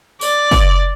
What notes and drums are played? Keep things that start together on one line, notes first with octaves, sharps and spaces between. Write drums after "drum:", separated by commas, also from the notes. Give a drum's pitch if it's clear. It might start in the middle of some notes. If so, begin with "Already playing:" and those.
D5, drum: tambourine
drum: kick, tambourine